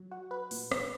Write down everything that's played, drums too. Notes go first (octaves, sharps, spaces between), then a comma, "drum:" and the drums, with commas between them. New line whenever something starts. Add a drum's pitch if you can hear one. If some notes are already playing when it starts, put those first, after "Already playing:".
Already playing: F#3
F#4
B4
A#2, drum: open hi-hat
B3, drum: rim click